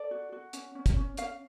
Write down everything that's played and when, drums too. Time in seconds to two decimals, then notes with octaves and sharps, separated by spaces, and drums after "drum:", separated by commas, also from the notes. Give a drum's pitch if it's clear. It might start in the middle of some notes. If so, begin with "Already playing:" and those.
Already playing: A4 D5
0.11 F#4
0.32 F#4
0.53 C#4, drum: hi-hat
0.75 C#4
0.86 drum: kick, hi-hat
0.96 C#4
1.17 C#4 F5, drum: hi-hat